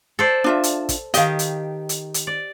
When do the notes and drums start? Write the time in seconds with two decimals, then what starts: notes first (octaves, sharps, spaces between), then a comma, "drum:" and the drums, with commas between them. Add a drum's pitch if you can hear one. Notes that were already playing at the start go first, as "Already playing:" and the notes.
0.19 A4 C5 D5
0.44 D4 F4 E5
0.63 drum: hi-hat
0.89 drum: kick, hi-hat
1.14 D#3 G4 D#5 F5, drum: hi-hat
1.39 drum: hi-hat
1.89 drum: hi-hat
2.14 drum: hi-hat
2.27 D5